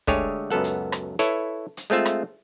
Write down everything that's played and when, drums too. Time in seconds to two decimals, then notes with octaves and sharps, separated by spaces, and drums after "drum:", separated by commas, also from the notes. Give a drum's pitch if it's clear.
0.07 D3 G#3 A3 G4 G#4 C#5, drum: kick
0.50 C#2 F#2 B3 A4 F#5
0.64 drum: hi-hat
0.92 drum: rim click
1.19 E4 A4 B4 C#5, drum: hi-hat
1.77 drum: hi-hat
1.90 G#3 A3 C4 F4 E5
2.05 drum: rim click